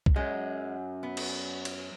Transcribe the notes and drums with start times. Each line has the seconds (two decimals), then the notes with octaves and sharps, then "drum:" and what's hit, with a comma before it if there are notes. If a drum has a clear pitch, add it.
0.06 drum: kick
0.16 F#2 G#3
1.03 B3
1.17 drum: cymbal
1.65 drum: cymbal